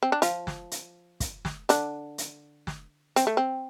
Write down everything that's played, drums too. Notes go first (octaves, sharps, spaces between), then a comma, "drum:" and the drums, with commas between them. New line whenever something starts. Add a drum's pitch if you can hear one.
C4
D4
F3 F4, drum: hi-hat
drum: snare
drum: hi-hat
drum: kick, hi-hat
drum: snare
D3 D4, drum: hi-hat
drum: hi-hat
drum: snare
C4, drum: hi-hat
A3
C4